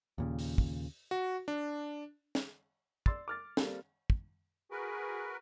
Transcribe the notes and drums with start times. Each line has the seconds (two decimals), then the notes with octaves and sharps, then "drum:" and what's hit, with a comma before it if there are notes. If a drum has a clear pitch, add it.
0.18 D#2 A#2 C#3
0.39 drum: open hi-hat
0.58 drum: kick
1.11 F#4
1.48 D4
2.35 drum: snare
3.06 D5 C6 E6 A6, drum: kick
3.28 D6 F6 A6
3.57 G3 A#3 C4 A4, drum: snare
4.10 drum: kick
4.71 F#4 G#4 A#4 B4